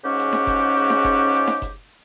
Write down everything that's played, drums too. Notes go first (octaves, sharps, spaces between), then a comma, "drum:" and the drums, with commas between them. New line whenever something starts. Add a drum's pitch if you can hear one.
G#2 C#3 C#4 F#4 G4
drum: hi-hat
drum: snare D#4
drum: kick F#1, hi-hat
drum: hi-hat
drum: snare D#4
drum: kick F#1, hi-hat
drum: hi-hat
drum: snare D#4
drum: kick F#1, hi-hat